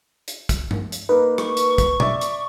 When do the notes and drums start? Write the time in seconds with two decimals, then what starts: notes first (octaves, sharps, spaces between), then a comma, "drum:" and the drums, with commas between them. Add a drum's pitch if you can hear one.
0.28 drum: hi-hat
0.49 drum: kick, hi-hat
0.71 drum: tom G2
0.92 drum: hi-hat
1.09 A#3 D#4 B4
1.38 C#6, drum: rim click
1.57 drum: hi-hat
1.78 drum: kick, hi-hat
2.00 D5 E5, drum: tom B2
2.21 drum: hi-hat